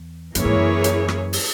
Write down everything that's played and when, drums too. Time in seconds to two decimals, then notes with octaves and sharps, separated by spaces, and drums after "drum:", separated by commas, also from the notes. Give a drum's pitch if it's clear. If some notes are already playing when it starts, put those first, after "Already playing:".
Already playing: E2
0.35 F#2 E3 A#3 E4 G#4 C#5, drum: hi-hat
0.45 G#2
0.56 F#2
0.84 drum: hi-hat
1.08 drum: rim click
1.33 drum: open hi-hat